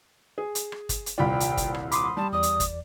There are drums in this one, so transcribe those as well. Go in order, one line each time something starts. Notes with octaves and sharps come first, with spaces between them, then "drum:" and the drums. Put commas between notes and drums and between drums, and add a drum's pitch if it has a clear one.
G#4
drum: hi-hat
drum: rim click
drum: kick, hi-hat
drum: hi-hat
D#1 C2 F4 D5 G5 B5
drum: hi-hat
drum: kick, hi-hat
drum: rim click
B5 C6 D6 D#6, drum: hi-hat
G3 A5
E2 D5 D#6
drum: hi-hat
drum: kick, hi-hat